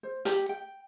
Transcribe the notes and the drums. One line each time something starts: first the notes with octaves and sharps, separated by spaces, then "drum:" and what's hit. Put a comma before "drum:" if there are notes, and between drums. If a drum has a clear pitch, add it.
C5
G4, drum: hi-hat
G5